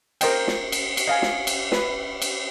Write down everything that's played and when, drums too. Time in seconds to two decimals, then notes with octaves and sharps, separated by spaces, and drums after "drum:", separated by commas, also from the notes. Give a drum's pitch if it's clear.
0.21 A#4 C5 D#5 G5, drum: cymbal
0.47 drum: snare
0.72 drum: cymbal
0.97 drum: cymbal
1.07 D#5 F5 G#5
1.22 drum: snare
1.47 drum: cymbal
1.72 B4, drum: snare
2.22 drum: cymbal